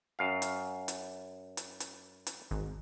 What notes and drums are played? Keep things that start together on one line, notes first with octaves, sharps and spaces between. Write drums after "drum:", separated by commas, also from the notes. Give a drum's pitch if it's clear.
F#2 F5
drum: hi-hat
drum: hi-hat
drum: hi-hat
drum: hi-hat
drum: hi-hat
G#1